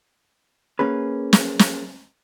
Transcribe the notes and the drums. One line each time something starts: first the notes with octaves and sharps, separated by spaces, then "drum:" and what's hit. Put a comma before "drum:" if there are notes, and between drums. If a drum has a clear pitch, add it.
A#3 C#4 G#4 B4
drum: snare
drum: snare